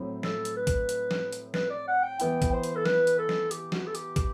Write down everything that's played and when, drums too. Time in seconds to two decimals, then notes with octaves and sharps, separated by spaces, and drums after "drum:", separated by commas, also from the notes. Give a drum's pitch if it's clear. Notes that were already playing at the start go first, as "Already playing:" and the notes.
Already playing: A2 F#3 C4 E4
0.23 A4, drum: snare
0.45 drum: hi-hat
0.56 B4
0.67 drum: kick, hi-hat
0.89 drum: hi-hat
1.11 drum: snare
1.33 drum: hi-hat
1.54 B4, drum: snare
1.70 D5
1.88 F#5
2.03 G5
2.20 E3 B3 E4 G5, drum: hi-hat
2.42 drum: kick, hi-hat
2.53 C5
2.63 drum: hi-hat
2.76 A4
2.86 B4, drum: snare
3.07 drum: hi-hat
3.19 A4
3.29 drum: snare
3.51 G4, drum: hi-hat
3.72 F#4, drum: snare
3.86 A4
3.95 G4, drum: hi-hat
4.16 G4, drum: kick, hi-hat